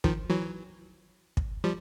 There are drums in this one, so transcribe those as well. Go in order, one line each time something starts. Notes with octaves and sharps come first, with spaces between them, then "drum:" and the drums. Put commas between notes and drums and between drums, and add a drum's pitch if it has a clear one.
D#3 F3, drum: kick
E3 F#3
drum: kick
F3 G3